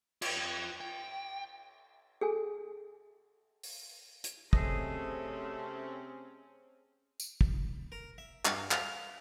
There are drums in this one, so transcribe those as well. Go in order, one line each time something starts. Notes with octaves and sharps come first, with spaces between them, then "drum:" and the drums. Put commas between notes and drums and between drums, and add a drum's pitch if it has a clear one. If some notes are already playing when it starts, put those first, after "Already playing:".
F4 G5, drum: cymbal
G5
G#4 A4 G#5
drum: open hi-hat
drum: hi-hat
C3 A3 C4 C#4 G#4 D#5, drum: kick
drum: tambourine
drum: kick
A#4
E5
G2, drum: clap
F5, drum: clap